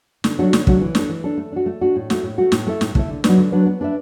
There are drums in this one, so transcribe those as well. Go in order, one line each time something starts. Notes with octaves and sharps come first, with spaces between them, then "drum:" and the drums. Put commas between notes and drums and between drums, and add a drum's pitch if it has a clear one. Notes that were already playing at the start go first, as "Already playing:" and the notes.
D3, drum: snare
F#3 A3 D4 F#4
D3, drum: snare
F#3 A3 D4 F#4, drum: kick
E3
D4 A4, drum: snare
E3
D4 A4
A3
D4 F#4
A3
D4 F#4
A2
A3 F#4, drum: snare
A2
A3 F#4
A2, drum: snare
A3 E4 A4 E5
A2, drum: snare
A3 E4 A4 E5, drum: kick
D3
F#3 D4 B4, drum: snare
D3
F#3 D4 B4
B3
D4 B4 E5